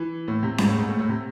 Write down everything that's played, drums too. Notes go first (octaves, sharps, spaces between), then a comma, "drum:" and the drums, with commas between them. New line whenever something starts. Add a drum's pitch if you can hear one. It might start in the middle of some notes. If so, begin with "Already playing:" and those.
Already playing: E3
A2
C3
G#2, drum: snare C#4
A2
G#2
A2
A2
C3